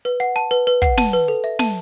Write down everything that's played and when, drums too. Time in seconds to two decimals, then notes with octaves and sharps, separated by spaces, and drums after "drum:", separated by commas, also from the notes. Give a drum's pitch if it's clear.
0.05 B4, drum: hi-hat
0.20 F#5, drum: hi-hat
0.36 A5, drum: hi-hat
0.51 B4, drum: hi-hat
0.67 B4, drum: hi-hat
0.82 F#5, drum: kick, hi-hat
0.98 A5, drum: snare
1.13 B4, drum: hi-hat
1.28 A4, drum: open hi-hat
1.44 E5, drum: hi-hat
1.59 A5, drum: snare